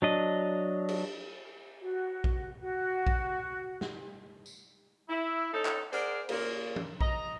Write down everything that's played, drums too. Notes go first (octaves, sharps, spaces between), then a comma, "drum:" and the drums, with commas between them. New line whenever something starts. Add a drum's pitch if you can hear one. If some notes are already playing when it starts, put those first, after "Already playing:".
F#3 D4 D#5
drum: cymbal
F#4
drum: kick A#1
F#4
drum: kick A#1
drum: snare
drum: tambourine
E4
C#4 D#4 A4
drum: clap
G#4 A#4 C5 D5 F#5, drum: hi-hat
A#2 C#3 A#3, drum: cymbal
drum: tom F3
D#5 A#5, drum: kick A#1